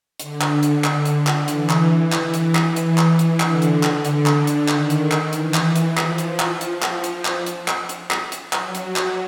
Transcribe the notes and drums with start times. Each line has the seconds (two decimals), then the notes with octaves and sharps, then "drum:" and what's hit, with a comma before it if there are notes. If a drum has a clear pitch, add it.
0.19 D3, drum: hi-hat
0.41 drum: clap
0.63 drum: hi-hat
0.84 drum: clap
1.05 drum: hi-hat
1.27 drum: clap
1.48 E3, drum: hi-hat
1.70 drum: clap
2.12 drum: clap
2.34 drum: hi-hat
2.55 drum: clap
2.76 drum: hi-hat
2.98 drum: clap
3.19 drum: hi-hat
3.40 D3, drum: clap
3.62 drum: hi-hat
3.83 drum: clap
4.05 drum: hi-hat
4.26 drum: clap
4.47 drum: hi-hat
4.68 D#3, drum: clap
4.90 drum: hi-hat
5.11 drum: clap
5.33 E3, drum: hi-hat
5.54 drum: clap
5.76 drum: hi-hat
5.97 F3, drum: clap
6.18 drum: hi-hat
6.40 drum: clap
6.61 drum: hi-hat
6.82 drum: clap
7.04 drum: hi-hat
7.25 drum: clap
7.46 drum: hi-hat
7.68 drum: clap
7.89 drum: hi-hat
8.11 drum: clap
8.32 drum: hi-hat
8.53 F#3, drum: clap
8.75 drum: hi-hat
8.96 drum: clap